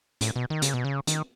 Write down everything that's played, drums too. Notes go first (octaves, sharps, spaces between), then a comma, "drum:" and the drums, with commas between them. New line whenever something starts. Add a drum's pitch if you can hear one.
A2, drum: hi-hat
B2
D#3
C#3, drum: hi-hat
B2
C#3
D#3, drum: hi-hat